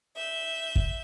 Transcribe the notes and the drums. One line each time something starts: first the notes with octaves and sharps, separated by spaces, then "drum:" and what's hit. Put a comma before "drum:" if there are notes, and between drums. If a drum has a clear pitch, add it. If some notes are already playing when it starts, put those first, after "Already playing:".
E5 G6
drum: kick